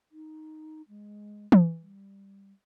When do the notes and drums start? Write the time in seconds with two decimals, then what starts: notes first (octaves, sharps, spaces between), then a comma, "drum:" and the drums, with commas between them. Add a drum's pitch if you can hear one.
0.12 D#4
0.89 G#3
1.52 drum: tom E3
1.81 G3